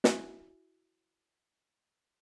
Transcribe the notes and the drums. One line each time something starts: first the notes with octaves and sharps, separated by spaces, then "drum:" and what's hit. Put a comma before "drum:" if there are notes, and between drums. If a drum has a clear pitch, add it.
E4 F#4 E5 G#5 F#6, drum: snare